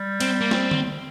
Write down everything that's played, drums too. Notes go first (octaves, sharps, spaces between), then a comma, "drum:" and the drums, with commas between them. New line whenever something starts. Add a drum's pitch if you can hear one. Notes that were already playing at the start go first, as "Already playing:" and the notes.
Already playing: G3
C4, drum: cymbal
A#3
C4, drum: snare
drum: tom D3